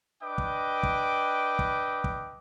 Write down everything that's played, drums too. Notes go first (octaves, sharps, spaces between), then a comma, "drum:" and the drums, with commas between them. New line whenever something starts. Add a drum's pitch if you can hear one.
D4 B4 D#5 G5 D6
drum: kick
drum: kick
drum: kick
drum: kick